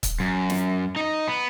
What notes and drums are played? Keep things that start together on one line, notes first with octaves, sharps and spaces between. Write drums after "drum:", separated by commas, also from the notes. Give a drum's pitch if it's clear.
drum: kick C#1, hi-hat
F#2
drum: snare
D#4 D#5
B3